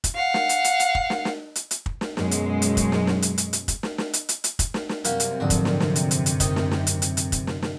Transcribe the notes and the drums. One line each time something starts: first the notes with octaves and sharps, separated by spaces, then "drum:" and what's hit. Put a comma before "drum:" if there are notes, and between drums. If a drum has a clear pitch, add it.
drum: kick, hi-hat
F5 F#5
drum: snare
drum: hi-hat
drum: hi-hat
drum: hi-hat
drum: kick
drum: snare
drum: snare
drum: hi-hat
drum: hi-hat
drum: kick
drum: snare
F#2 B2 F#3 G#3, drum: snare
drum: hi-hat
drum: hi-hat
drum: kick, hi-hat
drum: snare
drum: snare
drum: hi-hat
drum: hi-hat
drum: hi-hat
drum: kick, hi-hat
drum: snare
drum: snare
drum: hi-hat
drum: hi-hat
drum: hi-hat
drum: kick, hi-hat
drum: snare
drum: snare
F#2 C3 G3 A#3 F#4 G4, drum: hi-hat
drum: hi-hat
A#1 G#2 D3 F#4
drum: kick, hi-hat
drum: snare
drum: snare
drum: hi-hat
drum: hi-hat
drum: hi-hat
D#3 D#4, drum: kick, hi-hat
drum: snare
drum: snare
drum: hi-hat
drum: hi-hat
drum: hi-hat
drum: kick, hi-hat
drum: snare
drum: snare